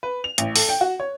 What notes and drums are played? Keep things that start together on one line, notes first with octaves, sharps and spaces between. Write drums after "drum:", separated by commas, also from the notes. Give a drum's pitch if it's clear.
B4
F7
A1, drum: hi-hat
A4, drum: open hi-hat
G5
F#4
C#5